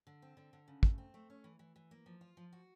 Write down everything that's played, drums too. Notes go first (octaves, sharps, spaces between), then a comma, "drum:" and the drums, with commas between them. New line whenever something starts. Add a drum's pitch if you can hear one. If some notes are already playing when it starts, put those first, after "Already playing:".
D3
C4
D3
D3
C#3
A3, drum: kick
C4
A3
C#4
E3
E3
E3
A#3
F3
F4
F3
F#4